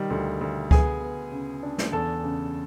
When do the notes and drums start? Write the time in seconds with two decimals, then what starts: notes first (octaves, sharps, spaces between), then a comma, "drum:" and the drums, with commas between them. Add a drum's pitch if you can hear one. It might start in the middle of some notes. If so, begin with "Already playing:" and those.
Already playing: D#3 G3
0.10 D2
0.41 D2
0.71 B3 G#4 G#5, drum: kick C#2
1.01 B3
1.32 C#3
1.63 D4
1.78 drum: snare
1.92 E2 A4 A5
2.24 C#3